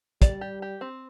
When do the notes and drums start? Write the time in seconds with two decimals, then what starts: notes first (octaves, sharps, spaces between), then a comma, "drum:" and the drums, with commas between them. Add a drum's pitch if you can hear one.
0.22 G3 D5, drum: kick, hi-hat
0.41 G4
0.62 G4
0.81 C4